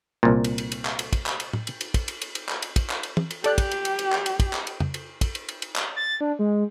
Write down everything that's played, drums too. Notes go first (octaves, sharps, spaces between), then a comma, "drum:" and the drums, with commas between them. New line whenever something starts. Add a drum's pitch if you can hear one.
C2 A#2
drum: cymbal
drum: cymbal
drum: cymbal
drum: clap
drum: cymbal
drum: kick, cymbal
drum: clap
drum: cymbal
drum: tom
drum: cymbal
drum: cymbal
drum: kick, cymbal
drum: cymbal
drum: cymbal
drum: cymbal
drum: clap
drum: cymbal
drum: kick, cymbal
drum: clap
drum: cymbal
drum: tom
drum: cymbal
G4 A4 D5 F#6, drum: cymbal
drum: kick, cymbal
drum: cymbal
drum: cymbal
drum: cymbal
drum: clap
drum: cymbal
drum: kick, cymbal
drum: clap
drum: cymbal
drum: tom
drum: cymbal
drum: kick, cymbal
drum: cymbal
drum: cymbal
drum: cymbal
drum: clap
A6
D4
G#3